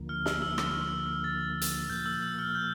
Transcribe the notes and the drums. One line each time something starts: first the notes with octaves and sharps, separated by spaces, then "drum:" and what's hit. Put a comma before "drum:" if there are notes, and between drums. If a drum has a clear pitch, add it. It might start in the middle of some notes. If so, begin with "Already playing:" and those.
Already playing: D2 D3 F3 A#3
F6
E6, drum: snare
E6
F6, drum: rim click
A6
drum: hi-hat
A#2 F3 A#3 G6
E6
E6
F6
G6